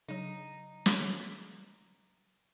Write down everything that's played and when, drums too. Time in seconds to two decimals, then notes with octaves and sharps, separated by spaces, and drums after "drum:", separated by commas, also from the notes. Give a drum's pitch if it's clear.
0.08 C#3 F#3 D#4
0.86 drum: snare